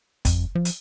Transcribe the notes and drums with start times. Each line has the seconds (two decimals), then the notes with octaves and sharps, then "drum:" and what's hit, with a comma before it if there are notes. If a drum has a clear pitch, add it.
0.25 F2, drum: kick, hi-hat
0.55 F3
0.65 drum: hi-hat